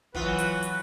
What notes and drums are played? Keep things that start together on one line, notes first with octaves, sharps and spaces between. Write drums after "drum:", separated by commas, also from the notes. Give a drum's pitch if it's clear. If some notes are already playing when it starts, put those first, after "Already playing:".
E3 F#3 B3 F4 F#4 B4, drum: kick
drum: hi-hat
drum: hi-hat